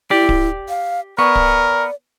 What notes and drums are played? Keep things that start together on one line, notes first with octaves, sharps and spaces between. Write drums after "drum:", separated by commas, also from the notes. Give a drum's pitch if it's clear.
E4 G4 D5
drum: kick D1
F5
B3 A#4 D5 G#5 C#6
drum: kick D1